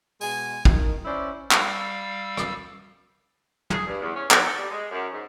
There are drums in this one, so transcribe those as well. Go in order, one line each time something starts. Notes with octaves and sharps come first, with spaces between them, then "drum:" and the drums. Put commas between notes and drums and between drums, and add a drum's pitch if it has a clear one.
B2 G#3 G#5, drum: open hi-hat
D#3, drum: kick
C#4 E4 C5 D5
G3 F5 E6, drum: clap
drum: rim click
G#4, drum: tom
G2
E2
C#4
B2, drum: clap
A4
G3
G#3
F#2
G#2